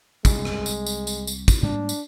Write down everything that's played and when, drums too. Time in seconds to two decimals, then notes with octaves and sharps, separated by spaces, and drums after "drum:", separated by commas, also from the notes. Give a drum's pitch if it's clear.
0.25 C2 G#3, drum: kick, tambourine
0.45 drum: rim click
0.66 drum: tambourine
0.86 drum: tambourine
1.07 drum: tambourine
1.27 drum: tambourine
1.48 drum: kick, tambourine
1.63 G#2 G3 A#3 D4
1.89 drum: tambourine